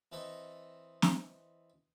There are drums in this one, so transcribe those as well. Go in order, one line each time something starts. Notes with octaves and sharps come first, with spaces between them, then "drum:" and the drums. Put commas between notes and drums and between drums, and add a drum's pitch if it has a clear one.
E3 C4 A4 D#5 C#6
drum: snare